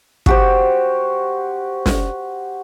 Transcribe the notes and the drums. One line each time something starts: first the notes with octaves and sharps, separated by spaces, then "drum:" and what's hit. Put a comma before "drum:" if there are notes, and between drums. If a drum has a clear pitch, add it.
F#4 G4 C5, drum: kick
drum: snare